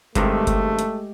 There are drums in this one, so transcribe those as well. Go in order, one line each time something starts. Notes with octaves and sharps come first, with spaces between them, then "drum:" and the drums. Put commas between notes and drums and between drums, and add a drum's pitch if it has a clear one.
G2 C3 D#3 G#3 A3 G4, drum: kick F#1, hi-hat
drum: kick F#1, hi-hat
drum: hi-hat